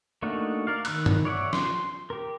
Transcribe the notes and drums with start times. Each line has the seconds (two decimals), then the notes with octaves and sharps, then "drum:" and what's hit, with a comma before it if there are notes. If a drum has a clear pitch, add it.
0.22 A3 A#3 D4 D#4 F#4
0.67 A#4 D5 F5
0.85 D#3 B5 E6 F#6, drum: cymbal
1.06 drum: tom G2
1.25 C#5 D5 E5 F#5
1.53 C6, drum: snare
2.10 G4 A#4